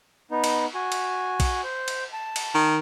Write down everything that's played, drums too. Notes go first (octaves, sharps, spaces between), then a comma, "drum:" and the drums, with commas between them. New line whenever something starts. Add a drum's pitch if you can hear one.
B3 D#4
drum: cymbal
F#4 G#5
drum: cymbal
drum: kick A#1, cymbal
C5
drum: cymbal
A5
drum: cymbal
D#3